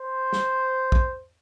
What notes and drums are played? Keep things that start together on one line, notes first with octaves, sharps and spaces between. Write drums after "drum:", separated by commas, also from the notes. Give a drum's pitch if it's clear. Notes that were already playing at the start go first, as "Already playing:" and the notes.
Already playing: C5
drum: snare
drum: kick